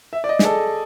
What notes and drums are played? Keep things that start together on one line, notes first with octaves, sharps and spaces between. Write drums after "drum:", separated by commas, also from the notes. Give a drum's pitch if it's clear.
E5
D5
D#5
G#4, drum: snare
A4